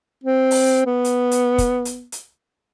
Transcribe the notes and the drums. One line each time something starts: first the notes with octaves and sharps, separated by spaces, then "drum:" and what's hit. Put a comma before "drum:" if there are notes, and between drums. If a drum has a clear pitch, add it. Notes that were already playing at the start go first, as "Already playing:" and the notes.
C4
drum: open hi-hat
B3
drum: hi-hat
drum: hi-hat
drum: kick, hi-hat
drum: hi-hat
drum: hi-hat